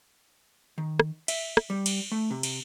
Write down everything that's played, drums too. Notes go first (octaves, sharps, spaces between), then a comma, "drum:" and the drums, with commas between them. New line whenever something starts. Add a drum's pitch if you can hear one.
D#3
drum: rim click
E5, drum: cymbal
drum: rim click
G3
drum: cymbal
A3
C3
drum: cymbal